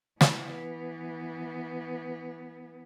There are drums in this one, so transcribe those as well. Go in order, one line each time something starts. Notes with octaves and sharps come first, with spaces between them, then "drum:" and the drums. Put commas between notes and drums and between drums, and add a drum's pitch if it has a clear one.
E3 B3, drum: snare